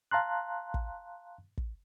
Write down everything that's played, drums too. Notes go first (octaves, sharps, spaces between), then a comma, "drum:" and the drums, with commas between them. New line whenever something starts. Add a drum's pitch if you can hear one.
F5 A5 A#5 C6 F#6
drum: kick
drum: kick